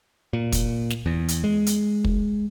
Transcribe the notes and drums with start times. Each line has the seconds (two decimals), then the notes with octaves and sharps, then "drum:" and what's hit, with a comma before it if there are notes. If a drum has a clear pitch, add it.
0.33 A#2
0.52 drum: kick, hi-hat
0.90 drum: snare
1.06 E2
1.28 drum: hi-hat
1.44 G#3
1.66 drum: hi-hat
2.05 drum: kick